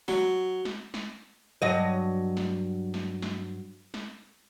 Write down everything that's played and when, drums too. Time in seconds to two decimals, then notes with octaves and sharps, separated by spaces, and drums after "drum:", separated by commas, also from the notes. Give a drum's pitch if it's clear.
0.08 F#3, drum: snare
0.65 drum: snare
0.94 drum: snare
1.62 G2 F#3 D#5
2.37 drum: snare
2.94 drum: snare
3.22 drum: snare
3.94 drum: snare